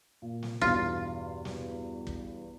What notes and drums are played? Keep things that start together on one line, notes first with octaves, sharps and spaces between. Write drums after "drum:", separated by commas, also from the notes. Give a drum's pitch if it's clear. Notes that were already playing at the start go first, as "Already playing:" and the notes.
A#2
drum: snare
E2 G2 B2 F4, drum: kick
drum: snare
drum: kick